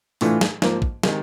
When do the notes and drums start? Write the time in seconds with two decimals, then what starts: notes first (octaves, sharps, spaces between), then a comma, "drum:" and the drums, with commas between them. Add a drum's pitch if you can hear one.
0.21 A2 E3 A3 D4 F4, drum: open hi-hat
0.41 drum: snare
0.62 G#2 F3 A#3, drum: snare
0.82 drum: kick
1.03 C3 D#3 G#3, drum: snare